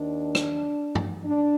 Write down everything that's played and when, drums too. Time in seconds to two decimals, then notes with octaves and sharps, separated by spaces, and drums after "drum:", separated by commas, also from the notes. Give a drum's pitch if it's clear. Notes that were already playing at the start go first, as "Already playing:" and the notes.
Already playing: D#2 D#3 D4
0.35 drum: rim click
0.95 drum: tom G2
1.25 D4